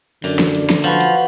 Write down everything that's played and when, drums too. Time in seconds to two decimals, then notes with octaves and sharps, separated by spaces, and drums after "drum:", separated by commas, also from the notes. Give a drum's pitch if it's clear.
0.24 F#2 D3 D5, drum: open hi-hat
0.39 drum: snare
0.55 drum: hi-hat
0.70 drum: snare
0.84 F3 F#4 B4, drum: hi-hat
1.00 drum: hi-hat